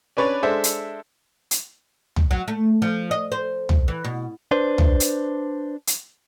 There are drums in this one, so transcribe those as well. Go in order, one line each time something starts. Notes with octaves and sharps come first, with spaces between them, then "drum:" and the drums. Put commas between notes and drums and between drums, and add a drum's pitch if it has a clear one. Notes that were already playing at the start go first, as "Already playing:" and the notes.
C#4 D4 B4 C#5 D5
G#3 D4 A4 C5 E5
drum: hi-hat
drum: hi-hat
drum: tom
F#3
A3
F3
D#5
C5
drum: tom
E3
B2
D4 B4 C5
drum: tom
drum: hi-hat
drum: hi-hat